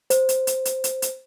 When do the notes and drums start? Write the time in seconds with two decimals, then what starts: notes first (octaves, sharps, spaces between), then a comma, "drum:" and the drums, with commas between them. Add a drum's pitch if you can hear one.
0.10 C5, drum: hi-hat
0.29 drum: hi-hat
0.47 drum: hi-hat
0.65 drum: hi-hat
0.84 drum: hi-hat
1.02 drum: hi-hat